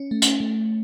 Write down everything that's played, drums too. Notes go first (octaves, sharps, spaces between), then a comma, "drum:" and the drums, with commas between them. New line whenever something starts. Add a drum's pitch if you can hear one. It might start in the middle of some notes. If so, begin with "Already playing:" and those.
Already playing: C#4
A3
drum: hi-hat
A3